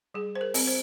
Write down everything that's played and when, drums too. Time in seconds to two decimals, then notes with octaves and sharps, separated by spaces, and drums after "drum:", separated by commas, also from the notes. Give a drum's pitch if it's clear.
0.14 G3 G#4
0.35 C5
0.41 A#4
0.54 C4, drum: open hi-hat
0.67 C5